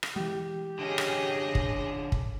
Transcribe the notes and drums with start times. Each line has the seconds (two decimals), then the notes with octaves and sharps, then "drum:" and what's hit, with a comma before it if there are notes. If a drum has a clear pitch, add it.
0.03 drum: rim click
0.16 E3 G#3 G4
0.79 D3 C#4 G#4 D#5
0.98 drum: rim click
1.55 drum: kick
2.12 drum: kick